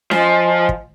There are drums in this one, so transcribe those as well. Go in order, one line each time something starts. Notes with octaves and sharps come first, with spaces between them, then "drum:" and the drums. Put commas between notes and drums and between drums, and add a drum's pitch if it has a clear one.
F3 D#5 G#5, drum: snare C#4
drum: kick